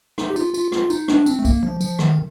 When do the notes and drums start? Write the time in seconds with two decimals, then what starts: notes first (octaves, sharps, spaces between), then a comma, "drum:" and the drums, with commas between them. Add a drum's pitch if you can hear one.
0.18 D#4, drum: rim click
0.30 G4
0.36 F4, drum: tambourine
0.54 F4, drum: tambourine
0.72 F4, drum: rim click
0.90 D#4, drum: tambourine
1.08 D4, drum: rim click
1.26 C4, drum: tambourine
1.39 A3
1.45 A#3, drum: kick B1, tambourine
1.63 F3
1.80 F3, drum: tambourine
1.99 D#3, drum: rim click